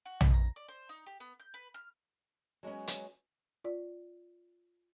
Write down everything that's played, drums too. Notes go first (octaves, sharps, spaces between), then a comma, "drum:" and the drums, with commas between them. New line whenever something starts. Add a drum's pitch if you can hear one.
F#4
B5, drum: tom
A#5
D5
C5
D#4
G4
B3
G6
B4
F6
F#3 G#3 B3 C#4
drum: hi-hat
F4 D5